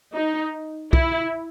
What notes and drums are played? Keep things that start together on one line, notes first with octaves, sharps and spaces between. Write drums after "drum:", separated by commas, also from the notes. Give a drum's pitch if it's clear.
D#4
E4, drum: kick B1